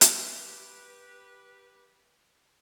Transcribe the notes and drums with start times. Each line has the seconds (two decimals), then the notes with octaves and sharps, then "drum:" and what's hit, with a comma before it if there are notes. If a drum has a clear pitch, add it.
0.01 G4 B4, drum: hi-hat